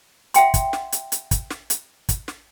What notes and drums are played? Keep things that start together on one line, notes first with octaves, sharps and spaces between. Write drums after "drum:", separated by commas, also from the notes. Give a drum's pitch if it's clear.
E5 F#5 G5 C6, drum: hi-hat
drum: kick, hi-hat
drum: snare
drum: hi-hat
drum: hi-hat
drum: kick, hi-hat
drum: snare
drum: hi-hat
drum: kick, hi-hat
drum: snare